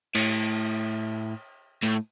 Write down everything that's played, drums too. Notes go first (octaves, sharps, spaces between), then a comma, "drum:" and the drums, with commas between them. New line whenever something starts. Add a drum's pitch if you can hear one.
A2, drum: cymbal
A2, drum: hi-hat